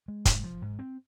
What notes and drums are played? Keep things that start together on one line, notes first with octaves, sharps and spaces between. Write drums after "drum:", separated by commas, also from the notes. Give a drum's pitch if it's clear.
G#3
G#2, drum: kick, hi-hat
F3
G#2
C4